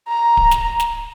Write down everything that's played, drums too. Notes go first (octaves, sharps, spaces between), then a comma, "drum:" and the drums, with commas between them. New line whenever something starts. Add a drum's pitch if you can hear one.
A#5
drum: kick D1
drum: snare
drum: snare